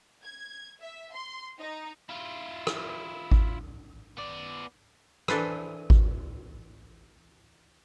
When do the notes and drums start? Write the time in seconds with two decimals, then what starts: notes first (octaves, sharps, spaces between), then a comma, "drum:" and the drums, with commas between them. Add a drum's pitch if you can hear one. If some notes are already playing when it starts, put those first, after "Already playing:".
0.23 G#6
0.80 E5
1.12 C6
1.59 D#4
2.09 E4 F4
2.67 drum: rim click
3.31 drum: kick G#1
4.18 B3 D5
5.28 E3 D4 A4 B4 C5, drum: rim click
5.90 drum: kick G#1